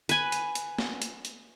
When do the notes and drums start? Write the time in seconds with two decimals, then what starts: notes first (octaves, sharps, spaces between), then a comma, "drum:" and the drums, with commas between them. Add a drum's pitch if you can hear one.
0.09 B4 G#5, drum: hi-hat
0.32 drum: hi-hat
0.55 drum: hi-hat
0.79 drum: snare
1.02 drum: hi-hat
1.25 drum: hi-hat